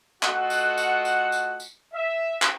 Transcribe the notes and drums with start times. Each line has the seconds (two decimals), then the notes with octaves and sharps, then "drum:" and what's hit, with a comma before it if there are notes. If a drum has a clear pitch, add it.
0.23 A3 F4 F#4 A4 D#5 F#5, drum: clap
0.50 drum: tambourine
0.78 drum: tambourine
1.05 drum: tambourine
1.32 drum: tambourine
1.60 drum: tambourine
1.93 E5
2.42 drum: clap